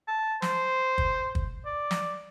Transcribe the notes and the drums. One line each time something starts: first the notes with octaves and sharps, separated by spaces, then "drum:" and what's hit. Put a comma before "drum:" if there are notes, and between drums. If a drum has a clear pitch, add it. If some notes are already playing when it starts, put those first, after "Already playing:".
A5
C5, drum: snare
drum: kick
drum: kick
D5
drum: snare